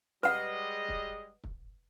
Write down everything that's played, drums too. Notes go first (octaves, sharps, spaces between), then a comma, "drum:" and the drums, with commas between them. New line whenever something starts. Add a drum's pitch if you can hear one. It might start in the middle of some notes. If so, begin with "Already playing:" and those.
G3 G#3 B4 D#5 F#5, drum: snare
drum: kick
drum: kick